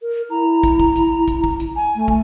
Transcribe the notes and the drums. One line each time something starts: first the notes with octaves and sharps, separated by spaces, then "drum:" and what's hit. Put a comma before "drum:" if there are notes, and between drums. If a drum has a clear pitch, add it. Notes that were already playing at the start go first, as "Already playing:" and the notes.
A#4
E4 A#5
drum: kick, hi-hat
drum: kick
drum: hi-hat
drum: kick, hi-hat
drum: kick
drum: hi-hat
G#5
A3
drum: kick